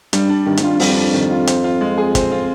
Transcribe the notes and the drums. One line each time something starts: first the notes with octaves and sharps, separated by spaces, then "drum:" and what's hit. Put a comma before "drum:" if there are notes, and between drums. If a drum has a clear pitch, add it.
G2 G3, drum: hi-hat
D4
G2 D#3
G#2, drum: hi-hat
G2 F4
F2 G3, drum: open hi-hat
D4
D#3
F4
C4, drum: hi-hat
F4
G#3
G#4
C4, drum: kick, hi-hat
F4